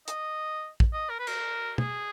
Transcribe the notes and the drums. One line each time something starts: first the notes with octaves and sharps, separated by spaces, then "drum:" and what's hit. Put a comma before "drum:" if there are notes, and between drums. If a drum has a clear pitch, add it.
D#5, drum: hi-hat
drum: kick
D#5
A#4
B4
A#4, drum: cymbal
G#4, drum: tom